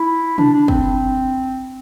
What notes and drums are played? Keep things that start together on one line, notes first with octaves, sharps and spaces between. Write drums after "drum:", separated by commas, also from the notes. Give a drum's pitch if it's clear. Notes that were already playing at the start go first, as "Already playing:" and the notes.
Already playing: E4
D4, drum: tom
D4
C4, drum: kick